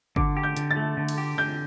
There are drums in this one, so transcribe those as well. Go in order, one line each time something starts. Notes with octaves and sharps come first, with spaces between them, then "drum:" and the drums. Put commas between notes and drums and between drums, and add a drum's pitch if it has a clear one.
D3 D6, drum: kick G1
G4
G6
D3, drum: hi-hat
A6
A3
D3
drum: cymbal
G4
D3 G6